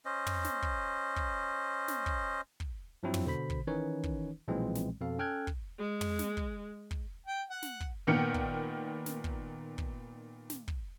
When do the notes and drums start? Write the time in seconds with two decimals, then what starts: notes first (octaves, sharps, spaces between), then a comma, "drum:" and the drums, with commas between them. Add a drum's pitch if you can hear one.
0.05 C#4 C5 D#5
0.27 drum: tom
0.44 drum: snare
0.62 drum: kick
1.16 drum: kick
1.88 drum: snare
2.06 drum: kick
2.60 drum: kick
3.03 G2 F3 F#3 C4 E4
3.14 drum: tom
3.26 B2 D3 C5 B5 B6
3.50 drum: kick
3.67 D#3 E3 C#4 D#4 B4 C#5
4.03 drum: kick
4.48 B1 A#2 E3 F3 G#3 C4
4.75 drum: snare
5.01 F2 B2 A4 F5
5.19 C#4 A4 G5 F6 F#6 G#6
5.47 drum: kick
5.79 G#3
6.01 drum: tom
6.19 drum: snare
6.37 drum: kick
6.91 drum: kick
7.27 G5
7.50 F#5
7.62 drum: snare
7.80 drum: kick
8.07 A#2 D#3 B3 G5 F6 C#7
8.34 drum: kick
9.06 drum: snare
9.24 drum: kick
9.78 drum: kick
10.50 drum: snare
10.68 drum: kick